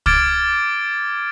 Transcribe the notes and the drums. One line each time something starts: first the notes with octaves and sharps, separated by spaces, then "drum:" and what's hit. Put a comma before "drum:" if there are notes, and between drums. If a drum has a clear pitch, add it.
D6 F6 G#6 A6 D7, drum: kick